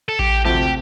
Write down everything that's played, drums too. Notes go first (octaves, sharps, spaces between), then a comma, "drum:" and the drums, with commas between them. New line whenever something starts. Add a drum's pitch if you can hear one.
A4
G4, drum: kick A1
D2 C3 F3 A3 G4